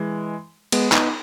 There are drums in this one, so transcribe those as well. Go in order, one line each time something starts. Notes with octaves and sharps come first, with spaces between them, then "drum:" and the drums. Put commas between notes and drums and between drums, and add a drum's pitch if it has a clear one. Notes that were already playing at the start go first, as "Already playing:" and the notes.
Already playing: E3 G#3
G#3 B3, drum: cymbal
B3 D#4, drum: clap